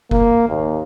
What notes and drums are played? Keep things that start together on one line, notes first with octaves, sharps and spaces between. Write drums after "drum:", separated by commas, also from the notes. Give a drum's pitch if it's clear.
A#3, drum: kick F#1
D#2